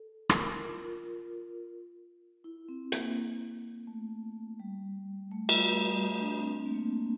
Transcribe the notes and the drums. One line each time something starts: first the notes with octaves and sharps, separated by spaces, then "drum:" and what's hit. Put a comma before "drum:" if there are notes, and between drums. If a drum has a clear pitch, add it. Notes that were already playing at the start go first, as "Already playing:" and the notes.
Already playing: A4
A#4, drum: rim click
F4
E4
C4
A#3, drum: hi-hat
A3
G3
A3
G3, drum: cymbal
A3
G3
A3
D4
C4
A3
A#3
A3
A#3